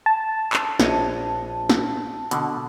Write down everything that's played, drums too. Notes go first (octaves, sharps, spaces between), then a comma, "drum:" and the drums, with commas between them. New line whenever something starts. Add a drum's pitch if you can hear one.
A5
drum: clap
A#1 C#5 D#5, drum: snare
drum: snare
B2 D3, drum: hi-hat